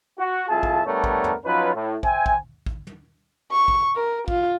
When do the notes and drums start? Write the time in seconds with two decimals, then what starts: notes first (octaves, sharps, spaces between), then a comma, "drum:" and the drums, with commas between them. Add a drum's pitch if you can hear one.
0.19 F#4
0.49 C2 F2 F4 G#4 E5 A5
0.63 drum: kick
0.86 G3 A3 B3 D4 A#4 C#5
1.04 drum: kick
1.24 drum: tom
1.44 F3 F#3 C#4 D#4 F4 B4
1.74 A2
2.03 C5 E5 G5 G#5, drum: kick
2.26 drum: kick
2.66 drum: kick
2.87 drum: tom
3.52 C#6
3.68 drum: kick
3.96 A#4
4.28 F4, drum: kick